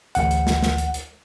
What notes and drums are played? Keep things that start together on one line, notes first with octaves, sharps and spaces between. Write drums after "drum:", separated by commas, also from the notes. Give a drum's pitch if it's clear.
A1 D2 F#5, drum: hi-hat
drum: hi-hat
drum: snare
drum: snare
drum: hi-hat
drum: hi-hat